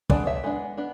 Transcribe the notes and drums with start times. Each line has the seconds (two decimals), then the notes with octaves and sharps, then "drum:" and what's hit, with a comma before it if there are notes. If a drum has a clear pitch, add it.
0.10 G#3 B3 D4 B4 D5, drum: kick
0.27 C#5 E5
0.44 G#3 B3 D4
0.77 B3 D4